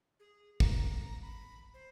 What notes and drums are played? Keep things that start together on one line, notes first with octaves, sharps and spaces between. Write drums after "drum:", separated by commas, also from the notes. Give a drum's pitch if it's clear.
G#4
A#5, drum: kick
B5
C5